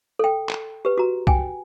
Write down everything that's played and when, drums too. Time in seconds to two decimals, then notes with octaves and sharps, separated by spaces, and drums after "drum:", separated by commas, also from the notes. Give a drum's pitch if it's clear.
0.19 A4 G5
0.49 drum: clap
0.85 G4 B4
0.98 F#4 A#5
1.27 G5 G#5, drum: kick